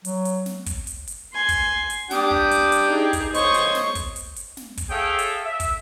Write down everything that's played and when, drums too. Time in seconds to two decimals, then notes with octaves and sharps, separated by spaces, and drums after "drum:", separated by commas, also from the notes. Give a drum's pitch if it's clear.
0.05 F#3, drum: hi-hat
0.25 drum: hi-hat
0.46 drum: snare
0.66 drum: kick, hi-hat
0.87 drum: hi-hat
1.07 drum: hi-hat
1.33 G#5 C6
1.49 drum: kick, hi-hat
1.90 drum: hi-hat
2.11 D4 G4 G5 D6 D#6, drum: snare
2.31 drum: kick
2.51 drum: hi-hat
2.72 drum: hi-hat
2.89 D#4 G#4
3.13 drum: kick, hi-hat
3.34 C5 C#5 D#5 C#6 D#6, drum: hi-hat
3.54 drum: hi-hat
3.75 drum: snare
3.95 drum: kick, hi-hat
4.16 drum: hi-hat
4.36 drum: hi-hat
4.57 drum: snare
4.77 drum: kick, hi-hat
4.90 G#4 A4 C#5 E5 F5 G5
5.19 drum: hi-hat
5.44 E5
5.60 drum: kick, hi-hat